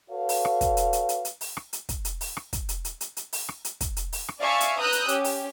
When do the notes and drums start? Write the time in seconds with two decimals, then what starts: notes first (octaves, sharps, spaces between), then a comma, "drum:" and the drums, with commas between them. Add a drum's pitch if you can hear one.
0.11 F#4 A4 B4 C#5 F5
0.29 drum: open hi-hat
0.45 drum: rim click
0.61 drum: kick, hi-hat
0.77 drum: hi-hat
0.93 drum: hi-hat
1.09 drum: hi-hat
1.25 drum: hi-hat
1.41 drum: open hi-hat
1.57 drum: rim click
1.73 drum: hi-hat
1.89 drum: kick, hi-hat
2.05 drum: hi-hat
2.21 drum: open hi-hat
2.37 drum: rim click
2.53 drum: kick, hi-hat
2.69 drum: hi-hat
2.85 drum: hi-hat
3.01 drum: hi-hat
3.17 drum: hi-hat
3.33 drum: open hi-hat
3.49 drum: rim click
3.65 drum: hi-hat
3.81 drum: kick, hi-hat
3.97 drum: hi-hat
4.12 drum: open hi-hat
4.28 drum: rim click
4.40 D5 E5 F5 G#5 A5 C#6
4.60 drum: hi-hat
4.79 B4 A#5 D#6 E6 F#6 G6
4.92 drum: hi-hat
5.08 C#4 G4, drum: hi-hat
5.24 drum: open hi-hat